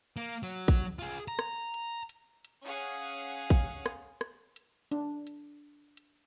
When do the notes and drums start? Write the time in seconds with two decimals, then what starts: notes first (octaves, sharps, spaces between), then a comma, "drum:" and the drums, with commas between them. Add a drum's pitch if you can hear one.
0.17 A#3
0.33 drum: hi-hat
0.43 F#3
0.68 drum: kick A#1, hi-hat
0.99 F4 G#4
1.28 A#5
1.39 drum: rim click
1.74 drum: hi-hat
2.09 drum: hi-hat
2.45 drum: hi-hat
2.63 C#4 G#4 F5 F#5
3.50 drum: kick A#1, hi-hat
3.86 drum: rim click
4.21 drum: rim click
4.56 drum: hi-hat
4.91 D4, drum: hi-hat
5.27 drum: hi-hat
5.97 drum: hi-hat